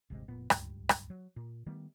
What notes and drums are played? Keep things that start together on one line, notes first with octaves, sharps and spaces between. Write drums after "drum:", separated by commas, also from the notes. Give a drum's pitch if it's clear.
D1 G#1 C3 G#3
F1 A#2 B3
D1 C#2 G2 G3, drum: rim click
drum: rim click
F#3
A#2
D#3 G3 A3 B3